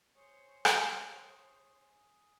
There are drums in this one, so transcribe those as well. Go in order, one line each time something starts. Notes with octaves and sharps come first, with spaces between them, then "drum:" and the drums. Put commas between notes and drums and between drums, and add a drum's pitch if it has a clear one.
G#4 C5 C#5
drum: rim click